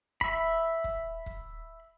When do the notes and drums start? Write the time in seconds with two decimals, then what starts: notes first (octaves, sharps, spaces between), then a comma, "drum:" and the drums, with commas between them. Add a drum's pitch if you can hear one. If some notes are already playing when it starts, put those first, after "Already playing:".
0.21 E5 B5, drum: kick
0.84 drum: kick
1.26 drum: kick